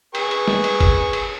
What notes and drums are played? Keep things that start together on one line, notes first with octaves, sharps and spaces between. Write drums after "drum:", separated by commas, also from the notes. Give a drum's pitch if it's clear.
G#4 B4 C#6, drum: cymbal
drum: cymbal
drum: snare
drum: cymbal
drum: kick, cymbal
drum: cymbal